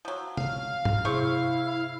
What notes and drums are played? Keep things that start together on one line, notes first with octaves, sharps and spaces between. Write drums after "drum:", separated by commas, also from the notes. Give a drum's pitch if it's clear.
F3 F#3
F5, drum: tom C3
drum: tom G2
C3 E4 G#4 C5 C#6